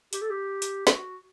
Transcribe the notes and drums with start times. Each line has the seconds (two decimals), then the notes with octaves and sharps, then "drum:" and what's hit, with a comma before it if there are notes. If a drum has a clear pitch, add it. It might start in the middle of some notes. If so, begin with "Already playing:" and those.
0.13 G4, drum: hi-hat
0.21 A4
0.30 G4
0.62 drum: hi-hat
0.87 F#4, drum: snare